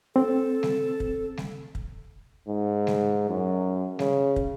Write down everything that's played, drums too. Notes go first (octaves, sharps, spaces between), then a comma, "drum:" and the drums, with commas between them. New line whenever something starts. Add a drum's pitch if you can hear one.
C4 A4
drum: snare G3
drum: kick
drum: snare G3
drum: kick
G#2
drum: snare G3
F#2
C#3, drum: snare G3
drum: kick